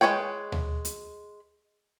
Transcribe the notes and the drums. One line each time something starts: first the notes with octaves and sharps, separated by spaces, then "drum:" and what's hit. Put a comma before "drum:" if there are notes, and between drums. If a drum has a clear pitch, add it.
G#3 E4 B4 C#5 G5, drum: rim click
drum: tom D2
drum: hi-hat